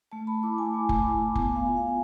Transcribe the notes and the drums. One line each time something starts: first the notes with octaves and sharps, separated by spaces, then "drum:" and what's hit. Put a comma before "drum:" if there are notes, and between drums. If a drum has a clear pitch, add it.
A3 A5
B5
E4 D6
G#5
A3
drum: kick F1
E4
B3 G#5, drum: kick F1
F5
F4
F5